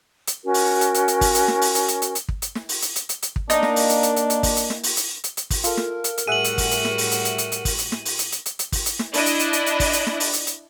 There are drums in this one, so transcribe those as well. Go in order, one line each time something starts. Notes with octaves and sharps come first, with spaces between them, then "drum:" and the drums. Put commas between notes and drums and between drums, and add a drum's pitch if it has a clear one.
drum: hi-hat
C#4 F#4 A#4
drum: open hi-hat
drum: hi-hat
drum: hi-hat
drum: hi-hat
drum: kick, open hi-hat
drum: hi-hat
drum: snare
drum: open hi-hat
drum: hi-hat
drum: hi-hat
drum: hi-hat
drum: hi-hat
drum: kick
drum: hi-hat
drum: snare
drum: open hi-hat
drum: hi-hat
drum: hi-hat
drum: hi-hat
drum: hi-hat
drum: kick
A#3 D4 D#4, drum: hi-hat
drum: snare
drum: open hi-hat
drum: hi-hat
drum: hi-hat
drum: hi-hat
drum: hi-hat
drum: kick, open hi-hat
drum: hi-hat
drum: snare
drum: open hi-hat
drum: hi-hat
drum: hi-hat
drum: hi-hat
drum: kick, open hi-hat
F4 A4 A#4, drum: hi-hat
drum: snare
drum: hi-hat
drum: hi-hat
A2 G3 F#4 G#4 E5 F#5 D#7 F#7
drum: hi-hat
drum: kick, open hi-hat
drum: hi-hat
drum: snare
drum: open hi-hat
drum: hi-hat
drum: hi-hat
drum: hi-hat
drum: hi-hat
drum: kick, open hi-hat
drum: hi-hat
drum: snare
drum: open hi-hat
drum: hi-hat
drum: hi-hat
drum: hi-hat
drum: hi-hat
drum: kick, open hi-hat
drum: hi-hat
drum: snare
D4 E4 D#5, drum: open hi-hat
drum: hi-hat
drum: hi-hat
drum: hi-hat
drum: hi-hat
drum: kick, open hi-hat
drum: hi-hat
drum: snare
drum: open hi-hat
drum: hi-hat
drum: hi-hat